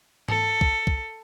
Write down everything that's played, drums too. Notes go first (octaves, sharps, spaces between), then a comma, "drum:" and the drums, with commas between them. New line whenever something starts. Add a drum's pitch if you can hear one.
A4, drum: tom G#2
drum: kick C2
drum: kick C2